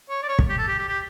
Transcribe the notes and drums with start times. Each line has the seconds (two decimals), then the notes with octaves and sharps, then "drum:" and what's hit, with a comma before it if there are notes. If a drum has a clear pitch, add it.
0.09 C#5
0.23 D5
0.28 C#5
0.39 drum: kick
0.49 G4
0.58 A4
0.68 G4
0.78 G4
0.88 G4